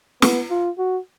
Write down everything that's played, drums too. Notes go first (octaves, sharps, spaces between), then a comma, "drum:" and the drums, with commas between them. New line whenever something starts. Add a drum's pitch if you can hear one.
B3, drum: snare
F4
F#4